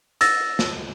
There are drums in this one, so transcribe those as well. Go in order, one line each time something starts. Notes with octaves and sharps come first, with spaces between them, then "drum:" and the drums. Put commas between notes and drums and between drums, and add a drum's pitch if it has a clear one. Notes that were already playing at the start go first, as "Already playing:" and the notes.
E6 A6 A#6, drum: hi-hat
drum: snare